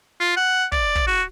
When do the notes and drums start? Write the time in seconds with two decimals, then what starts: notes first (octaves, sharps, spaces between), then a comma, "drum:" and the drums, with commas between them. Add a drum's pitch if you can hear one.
0.20 F4
0.37 F#5
0.72 D5, drum: kick
0.95 drum: kick
1.07 F#4